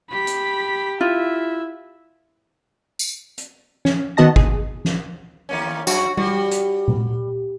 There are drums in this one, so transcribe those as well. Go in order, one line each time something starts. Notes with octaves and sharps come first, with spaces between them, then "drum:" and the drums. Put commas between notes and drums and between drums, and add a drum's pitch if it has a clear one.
G4 B5 B6
drum: hi-hat
E4 F4 E5
drum: tambourine
drum: hi-hat
C#4, drum: snare
D#3 B3 F#4 D#5 A5 A#6
G#4, drum: kick
drum: snare
D#2 A#3 C#4
F#2 F#4, drum: tambourine
G3 F#4, drum: tom G3
drum: hi-hat
drum: tom A#2